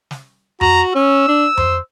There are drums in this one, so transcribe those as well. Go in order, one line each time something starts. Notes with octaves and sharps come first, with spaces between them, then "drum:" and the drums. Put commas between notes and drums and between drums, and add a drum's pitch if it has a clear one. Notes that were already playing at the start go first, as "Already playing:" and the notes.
drum: snare
F#4 A#5, drum: tom F2
C#4 E6
D4
C5, drum: tom F2